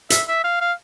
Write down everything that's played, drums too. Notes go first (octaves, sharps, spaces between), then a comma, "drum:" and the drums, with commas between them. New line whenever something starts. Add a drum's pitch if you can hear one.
E5, drum: hi-hat
E5
F5
F5